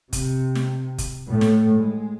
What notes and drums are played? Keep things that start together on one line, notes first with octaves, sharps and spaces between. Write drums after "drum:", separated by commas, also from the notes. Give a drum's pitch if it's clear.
C3, drum: kick, hi-hat
drum: snare
drum: kick, hi-hat
A2 A3
drum: snare
G#3